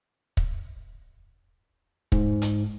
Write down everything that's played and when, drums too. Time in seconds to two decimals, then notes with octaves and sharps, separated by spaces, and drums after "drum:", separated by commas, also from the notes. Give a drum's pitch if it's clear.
0.37 drum: kick
2.12 G#2, drum: kick
2.42 drum: hi-hat